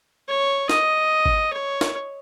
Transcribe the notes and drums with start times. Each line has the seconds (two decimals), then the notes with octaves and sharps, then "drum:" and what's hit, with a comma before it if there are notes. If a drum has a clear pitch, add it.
0.28 C#5
0.69 D#5, drum: snare
1.26 drum: kick G#1
1.53 C#5
1.81 drum: snare